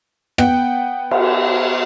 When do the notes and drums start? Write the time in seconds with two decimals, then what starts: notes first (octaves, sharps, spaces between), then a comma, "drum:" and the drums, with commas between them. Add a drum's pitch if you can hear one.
0.38 B3 F#5 G5, drum: rim click
1.11 drum: cymbal